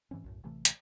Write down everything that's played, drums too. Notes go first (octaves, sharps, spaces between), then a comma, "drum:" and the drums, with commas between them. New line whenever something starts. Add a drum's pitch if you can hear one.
G#2 E3 C4 C#4
B1 F#2 A2
A1 C3 E3 A3
drum: hi-hat